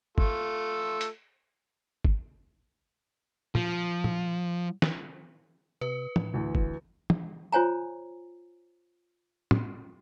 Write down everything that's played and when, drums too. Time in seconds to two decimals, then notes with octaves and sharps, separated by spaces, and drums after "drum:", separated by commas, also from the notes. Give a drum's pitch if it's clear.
0.18 A3 F4 A4, drum: kick
1.01 drum: hi-hat
2.05 drum: kick
3.55 F3, drum: tom
4.04 drum: tom
4.82 drum: snare
5.81 C3 B4
6.16 A2, drum: tom
6.34 D2 E3
6.55 E1, drum: kick
7.10 drum: tom
7.52 F4 C5 C#5 G#5 A#5
9.51 drum: tom